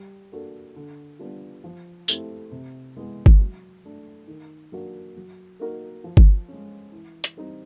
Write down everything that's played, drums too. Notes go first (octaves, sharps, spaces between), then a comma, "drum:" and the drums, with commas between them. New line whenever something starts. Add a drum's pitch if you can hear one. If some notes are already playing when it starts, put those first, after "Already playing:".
Already playing: G3
A#3 D4 F#4 A4
D3
G3 B3 D4 F4
F3
A3 C4 E4 G4, drum: tambourine
C3
E3 G#3 B3
drum: kick G1
F#3
A3 D4
D#3
F#3 A#3 D4 F#4
F#3
A#3 D#4 F#4 A#4
F3
drum: kick G1
G#3 C#4
E3
drum: hi-hat
G3 C4 D#4